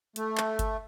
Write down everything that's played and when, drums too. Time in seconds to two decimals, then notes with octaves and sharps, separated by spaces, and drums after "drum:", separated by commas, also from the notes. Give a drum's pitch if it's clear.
0.16 A3, drum: hi-hat
0.38 drum: clap
0.59 drum: kick G1, hi-hat